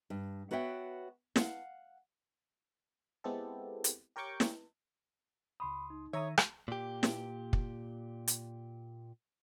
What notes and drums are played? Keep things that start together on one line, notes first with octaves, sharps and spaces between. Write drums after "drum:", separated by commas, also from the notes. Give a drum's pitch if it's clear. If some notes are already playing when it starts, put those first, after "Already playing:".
G2
B3 F#4 C#5 E5 G5
F5 F#5, drum: snare
G#3 B3 C4 E4 G4 A4
drum: hi-hat
G4 A#4 C#5 G5 C#6 D6
drum: snare
C#2 B5 C6 D#6
D#4
D#3 C#5 E5 A#5 D#6
drum: rim click
A#2 G4
drum: snare
drum: kick
drum: hi-hat